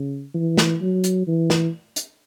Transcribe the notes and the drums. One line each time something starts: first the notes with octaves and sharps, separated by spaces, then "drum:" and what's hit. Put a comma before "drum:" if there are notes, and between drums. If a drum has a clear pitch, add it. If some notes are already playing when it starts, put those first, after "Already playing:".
Already playing: C#3
E3
drum: snare
F#3
drum: hi-hat
E3
drum: snare
drum: hi-hat